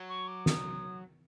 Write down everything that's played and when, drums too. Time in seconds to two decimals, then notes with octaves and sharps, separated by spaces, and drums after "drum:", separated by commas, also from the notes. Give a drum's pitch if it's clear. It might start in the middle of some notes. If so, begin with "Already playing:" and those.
Already playing: F#3
0.09 C#6
0.28 D6
0.46 D#6, drum: snare